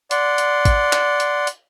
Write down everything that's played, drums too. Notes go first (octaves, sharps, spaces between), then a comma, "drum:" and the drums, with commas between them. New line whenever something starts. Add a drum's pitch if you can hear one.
D5 F#5 C6, drum: hi-hat
drum: hi-hat
drum: kick A1, hi-hat
drum: clap
drum: hi-hat
drum: hi-hat